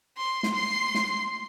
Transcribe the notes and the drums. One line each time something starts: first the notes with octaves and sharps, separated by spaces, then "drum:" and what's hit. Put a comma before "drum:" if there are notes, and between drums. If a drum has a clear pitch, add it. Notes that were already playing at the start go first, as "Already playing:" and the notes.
C6
drum: snare
C6 C7
drum: snare